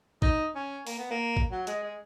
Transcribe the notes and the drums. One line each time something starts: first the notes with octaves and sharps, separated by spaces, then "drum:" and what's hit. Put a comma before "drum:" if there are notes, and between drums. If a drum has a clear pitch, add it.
D#4, drum: kick A1
C#4
A#3, drum: open hi-hat
B3
A#3
drum: kick A1
F#3
G#3, drum: hi-hat
G#3